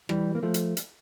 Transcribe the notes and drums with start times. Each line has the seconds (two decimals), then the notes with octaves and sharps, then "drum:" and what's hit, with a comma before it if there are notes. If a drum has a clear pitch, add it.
0.09 E3 G3, drum: rim click
0.35 A#3
0.43 F3 A3
0.54 drum: hi-hat
0.77 drum: hi-hat